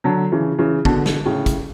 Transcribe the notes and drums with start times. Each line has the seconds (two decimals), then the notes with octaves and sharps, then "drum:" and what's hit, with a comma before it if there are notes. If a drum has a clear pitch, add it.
0.04 D3 F#3
0.32 C#3 E3
0.58 C#3 E3
0.85 B2 D3, drum: kick
1.06 drum: snare
1.25 A2 C#3
1.46 drum: kick, hi-hat